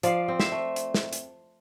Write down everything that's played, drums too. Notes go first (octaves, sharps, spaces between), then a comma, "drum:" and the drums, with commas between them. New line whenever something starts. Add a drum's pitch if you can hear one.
F3 D5 F5, drum: hi-hat
C4
C5 E5, drum: snare
A3
drum: hi-hat
drum: snare
drum: hi-hat